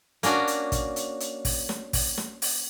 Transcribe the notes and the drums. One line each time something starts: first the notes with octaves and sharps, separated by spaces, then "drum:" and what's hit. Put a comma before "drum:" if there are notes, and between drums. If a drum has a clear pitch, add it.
A#3 C#4 D4 F#4, drum: hi-hat
drum: hi-hat
drum: kick, hi-hat
drum: hi-hat
drum: hi-hat
drum: kick, open hi-hat
drum: snare
drum: kick, open hi-hat
drum: snare
drum: open hi-hat